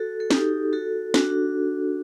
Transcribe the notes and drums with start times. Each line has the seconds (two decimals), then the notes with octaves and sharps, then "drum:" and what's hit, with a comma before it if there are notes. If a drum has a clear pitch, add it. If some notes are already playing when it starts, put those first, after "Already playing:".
Already playing: F#4 A4
0.20 A4
0.30 D#4 G4, drum: snare
0.73 F#4 A4
1.14 D4 F#4, drum: snare